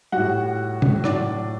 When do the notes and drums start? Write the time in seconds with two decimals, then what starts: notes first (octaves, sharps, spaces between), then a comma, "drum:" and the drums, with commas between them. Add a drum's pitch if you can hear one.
0.12 A2 G3 F#4 F#5
0.82 drum: tom C3
1.04 A2 F#3 D4 D5, drum: rim click